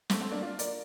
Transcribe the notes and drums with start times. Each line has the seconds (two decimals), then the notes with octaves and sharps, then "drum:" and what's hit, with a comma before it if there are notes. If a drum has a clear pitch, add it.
0.10 A3 C4, drum: snare
0.20 A3 C4
0.31 A#3 D4
0.42 D4 F4
0.59 A#4 D5, drum: hi-hat